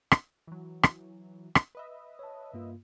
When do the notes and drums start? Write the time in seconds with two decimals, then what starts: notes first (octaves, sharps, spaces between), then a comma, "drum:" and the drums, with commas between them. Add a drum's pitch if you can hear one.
0.11 drum: rim click
0.47 E3 F#3
0.83 drum: rim click
1.55 drum: rim click
1.75 B4 D#5 E5
2.19 C#5 A5
2.54 G2 A#3 F4